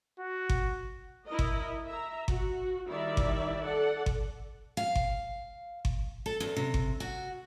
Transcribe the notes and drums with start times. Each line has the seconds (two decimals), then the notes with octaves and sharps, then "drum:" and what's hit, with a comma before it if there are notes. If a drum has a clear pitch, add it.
0.19 F#4
0.49 drum: kick G1
1.26 E4 A#4 D#5
1.39 drum: kick G1
1.86 E5 A#5
2.28 F#4, drum: kick G1
2.89 D#3 G3 E4 D5 E5
3.17 drum: kick G1
3.63 A4 D5 F#5
4.06 drum: kick G1
4.77 F5
4.95 drum: kick G1
5.85 drum: kick G1
6.26 A4
6.40 E2
6.57 C3
6.74 drum: kick G1
7.00 F#4